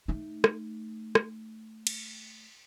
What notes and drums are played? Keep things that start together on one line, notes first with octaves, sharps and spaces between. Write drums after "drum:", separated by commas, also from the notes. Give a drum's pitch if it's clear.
A3 D#4
drum: rim click
drum: rim click
drum: cymbal